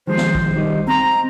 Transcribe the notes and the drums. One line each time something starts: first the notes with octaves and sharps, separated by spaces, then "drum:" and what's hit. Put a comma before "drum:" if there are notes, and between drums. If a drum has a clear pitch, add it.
D#3 F3 G#3 C5
drum: snare
drum: kick
D#3 G3 D#4
C4 A#5 C6